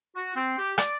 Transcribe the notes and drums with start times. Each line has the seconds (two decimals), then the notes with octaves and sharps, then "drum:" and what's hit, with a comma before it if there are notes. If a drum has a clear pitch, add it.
0.16 F#4
0.35 C4
0.58 G4
0.78 D5, drum: rim click